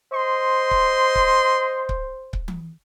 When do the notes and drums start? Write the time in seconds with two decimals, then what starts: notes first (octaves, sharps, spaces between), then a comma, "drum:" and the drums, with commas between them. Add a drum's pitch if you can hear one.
0.12 C5 D#5 C6
0.71 drum: kick C#1
1.15 drum: kick C#1
1.89 drum: kick C#1
2.33 drum: kick C#1
2.48 drum: tom E3